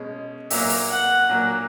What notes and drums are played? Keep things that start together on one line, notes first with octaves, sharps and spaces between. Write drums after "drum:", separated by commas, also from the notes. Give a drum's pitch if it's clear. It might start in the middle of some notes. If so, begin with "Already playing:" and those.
Already playing: B2 G#3 C#4
A#2 F#3 A#3 E5, drum: open hi-hat
drum: open hi-hat
F#5
A#2 F#3 A#3